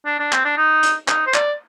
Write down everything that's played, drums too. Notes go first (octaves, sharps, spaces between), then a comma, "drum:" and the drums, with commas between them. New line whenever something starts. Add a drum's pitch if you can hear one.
D4
D4
C4, drum: clap
D4
D#4
drum: hi-hat
D#4, drum: clap
C5
D5, drum: clap